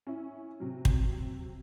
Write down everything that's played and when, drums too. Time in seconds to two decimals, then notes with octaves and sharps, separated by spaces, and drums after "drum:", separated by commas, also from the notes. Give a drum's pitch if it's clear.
0.07 C#4 E4
0.60 C3 F#3
0.85 drum: kick